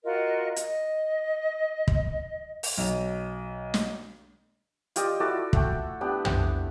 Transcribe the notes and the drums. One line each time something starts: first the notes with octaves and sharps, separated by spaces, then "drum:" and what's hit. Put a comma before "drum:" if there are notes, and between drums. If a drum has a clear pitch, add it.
F4 F#4 A#4 D#5
D#5, drum: hi-hat
drum: kick
drum: open hi-hat
B1
drum: snare
F4 G4 D5 D#5, drum: hi-hat
E4 F#4 A4 D5
A3 F#5 G5, drum: kick
B3 D4 G4
G5, drum: tom